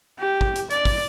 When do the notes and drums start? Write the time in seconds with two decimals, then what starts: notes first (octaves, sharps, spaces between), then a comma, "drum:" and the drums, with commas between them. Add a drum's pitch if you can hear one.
0.19 G4
0.41 drum: kick
0.56 drum: hi-hat
0.71 D5, drum: hi-hat
0.85 drum: kick, open hi-hat